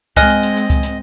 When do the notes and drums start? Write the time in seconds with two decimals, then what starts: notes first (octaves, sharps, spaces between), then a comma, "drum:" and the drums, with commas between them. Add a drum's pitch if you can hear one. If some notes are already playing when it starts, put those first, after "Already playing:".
0.17 G#3 C4 D#5 G#5 D#6 F6 F#6, drum: kick C#2, hi-hat
0.30 drum: hi-hat
0.43 drum: hi-hat
0.57 drum: hi-hat
0.70 drum: kick C#2, hi-hat
0.83 drum: hi-hat